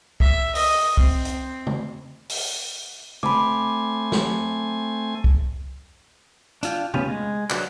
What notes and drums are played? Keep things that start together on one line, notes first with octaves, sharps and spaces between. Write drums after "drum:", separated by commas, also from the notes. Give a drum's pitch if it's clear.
E5, drum: kick
D#5, drum: open hi-hat
C4, drum: kick
drum: hi-hat
drum: tom
drum: open hi-hat
A3 C4 G#5 B5 D6, drum: tom
drum: snare
drum: kick
D4 F4 G5, drum: hi-hat
B3 C#4 F4 G4, drum: tom C3
G#3
F#3 D4 F#4 B4 D5, drum: clap